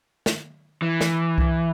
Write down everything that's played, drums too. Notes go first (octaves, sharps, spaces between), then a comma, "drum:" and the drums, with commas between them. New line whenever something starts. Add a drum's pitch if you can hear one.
drum: snare
E3
drum: snare
drum: kick C2